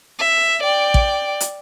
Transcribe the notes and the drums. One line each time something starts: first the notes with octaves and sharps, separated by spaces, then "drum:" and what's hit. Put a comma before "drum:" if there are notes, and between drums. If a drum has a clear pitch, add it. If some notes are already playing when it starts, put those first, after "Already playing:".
E5
D5 G5
drum: kick
drum: hi-hat